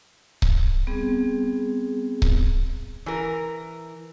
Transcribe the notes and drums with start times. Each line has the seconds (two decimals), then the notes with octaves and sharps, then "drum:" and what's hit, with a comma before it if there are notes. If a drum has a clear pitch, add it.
0.42 drum: kick C#1
0.87 G3 B3 C4 G#4
2.22 drum: kick C#1
3.06 E3 A#4